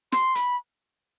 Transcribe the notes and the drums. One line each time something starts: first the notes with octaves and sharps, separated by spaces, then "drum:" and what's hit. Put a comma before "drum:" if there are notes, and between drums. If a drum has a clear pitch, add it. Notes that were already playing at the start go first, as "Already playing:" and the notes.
C6, drum: snare
B5, drum: hi-hat